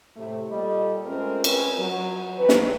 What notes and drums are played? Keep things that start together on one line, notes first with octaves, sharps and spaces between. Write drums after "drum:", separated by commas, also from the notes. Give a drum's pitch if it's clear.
A2 C3 A3
A#2 G3 A4 D5 D#5
G#3 A3 C4 C#4 F4 A#4
C4 C#4 A#4 B4 C#5, drum: cymbal
F#3
E3 F#3 C4 B4
drum: snare